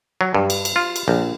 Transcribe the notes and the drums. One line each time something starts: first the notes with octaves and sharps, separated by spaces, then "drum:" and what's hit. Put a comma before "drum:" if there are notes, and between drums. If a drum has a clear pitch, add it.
F#3
G2
drum: cymbal
drum: cymbal
F4
drum: cymbal
A#1